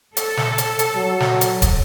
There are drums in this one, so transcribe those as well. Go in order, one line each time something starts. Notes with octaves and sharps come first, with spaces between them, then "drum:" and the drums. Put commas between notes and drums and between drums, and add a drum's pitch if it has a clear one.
A4, drum: hi-hat
drum: snare
drum: hi-hat
drum: hi-hat
F#3
drum: snare
drum: hi-hat
drum: kick, hi-hat